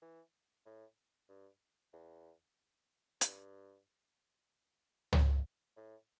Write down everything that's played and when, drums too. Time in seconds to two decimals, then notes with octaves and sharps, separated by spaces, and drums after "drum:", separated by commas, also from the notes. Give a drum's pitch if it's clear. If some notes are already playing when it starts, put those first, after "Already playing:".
0.02 E3
0.66 A2
1.29 G2
1.93 E2
3.21 G2, drum: hi-hat
5.13 A2, drum: tom C#2
5.76 A2